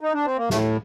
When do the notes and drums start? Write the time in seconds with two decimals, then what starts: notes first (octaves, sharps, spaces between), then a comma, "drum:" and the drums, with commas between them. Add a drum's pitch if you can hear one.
0.01 D#4
0.14 D4
0.25 C4
0.37 A#3
0.50 A2 A3, drum: snare